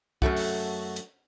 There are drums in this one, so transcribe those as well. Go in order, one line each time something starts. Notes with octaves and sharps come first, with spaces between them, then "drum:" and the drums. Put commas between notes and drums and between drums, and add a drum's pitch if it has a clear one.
F#2 F#3 A3 F#4, drum: kick
drum: open hi-hat
drum: hi-hat